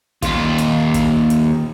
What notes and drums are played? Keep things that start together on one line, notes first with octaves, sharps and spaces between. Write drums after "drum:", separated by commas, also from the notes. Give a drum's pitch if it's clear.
D#2 F4, drum: kick, hi-hat
drum: hi-hat
drum: kick, hi-hat
drum: hi-hat